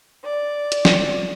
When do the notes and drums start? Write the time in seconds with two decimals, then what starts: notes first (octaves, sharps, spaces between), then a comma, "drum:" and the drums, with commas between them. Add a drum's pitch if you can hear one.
0.24 D5
0.72 drum: hi-hat
0.85 drum: snare